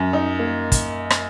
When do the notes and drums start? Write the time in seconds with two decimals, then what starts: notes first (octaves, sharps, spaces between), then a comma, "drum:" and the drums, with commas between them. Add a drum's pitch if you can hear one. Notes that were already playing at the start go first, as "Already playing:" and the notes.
Already playing: F#2
0.13 D#4
0.39 A#3
0.72 drum: kick, hi-hat
1.10 drum: rim click